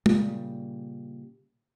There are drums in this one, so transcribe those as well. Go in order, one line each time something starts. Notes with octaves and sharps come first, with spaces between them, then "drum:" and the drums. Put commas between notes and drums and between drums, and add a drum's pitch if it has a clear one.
A#2 C#3 G3, drum: tom